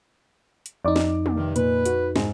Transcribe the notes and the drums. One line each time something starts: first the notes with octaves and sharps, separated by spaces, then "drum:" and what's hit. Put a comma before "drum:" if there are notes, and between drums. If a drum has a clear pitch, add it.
drum: hi-hat
F2 D#4 D5 D6
drum: snare
drum: tom
G2 C3 D#3
A#2 B4, drum: hi-hat
F#4, drum: hi-hat
G#2 G#3, drum: snare